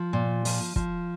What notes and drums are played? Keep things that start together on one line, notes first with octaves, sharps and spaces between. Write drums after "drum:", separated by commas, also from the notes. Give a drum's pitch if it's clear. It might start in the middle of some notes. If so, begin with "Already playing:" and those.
Already playing: F3
A#2
F3, drum: open hi-hat
F3, drum: kick